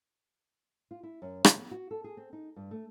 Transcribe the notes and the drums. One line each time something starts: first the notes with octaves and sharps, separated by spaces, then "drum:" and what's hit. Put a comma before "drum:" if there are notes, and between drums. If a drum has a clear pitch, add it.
F4
E4
F#2
C#3, drum: rim click
B3
F#4
A4
G#4
C4
D#4
G2
A3